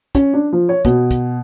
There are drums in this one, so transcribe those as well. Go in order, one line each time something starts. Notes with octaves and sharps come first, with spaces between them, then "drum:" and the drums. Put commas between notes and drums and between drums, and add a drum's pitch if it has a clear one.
C#4, drum: kick, hi-hat
D4
F3
C#5
B2, drum: kick, hi-hat
drum: kick, hi-hat